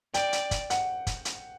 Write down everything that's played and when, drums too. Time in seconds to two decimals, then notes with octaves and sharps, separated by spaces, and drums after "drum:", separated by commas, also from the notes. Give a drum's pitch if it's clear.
0.14 D5 G5, drum: hi-hat
0.33 drum: hi-hat
0.51 drum: kick, hi-hat
0.70 F#5, drum: hi-hat
1.07 drum: kick, hi-hat
1.25 drum: hi-hat